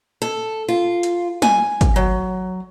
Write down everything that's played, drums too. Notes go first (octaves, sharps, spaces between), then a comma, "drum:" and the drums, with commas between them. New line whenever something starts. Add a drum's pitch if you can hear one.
A4
F4
drum: hi-hat
G#5, drum: snare
drum: kick, hi-hat
F#3